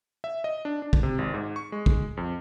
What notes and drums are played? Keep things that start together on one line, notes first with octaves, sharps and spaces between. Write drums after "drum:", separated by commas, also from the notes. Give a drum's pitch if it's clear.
E5
D#5
D4
D4
drum: kick
C3
G#1
G#2
C#6
G#3
drum: kick
F2